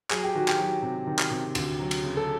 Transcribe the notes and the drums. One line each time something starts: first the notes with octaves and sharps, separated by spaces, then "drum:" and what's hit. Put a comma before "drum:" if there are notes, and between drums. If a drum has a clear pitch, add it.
F#3 G#4, drum: clap
G4
D#3 F#4
G4, drum: clap
F#3
C3
D#3
drum: clap
C3
D2, drum: cymbal
F#3
drum: cymbal
C#3
A4